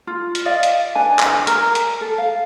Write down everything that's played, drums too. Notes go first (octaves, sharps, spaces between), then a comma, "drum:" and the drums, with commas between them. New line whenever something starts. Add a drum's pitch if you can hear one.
F4
drum: hi-hat
D5 D#5 F5
drum: hi-hat
D4 B4 G#5
drum: clap
A#4, drum: hi-hat
drum: hi-hat
A4
F5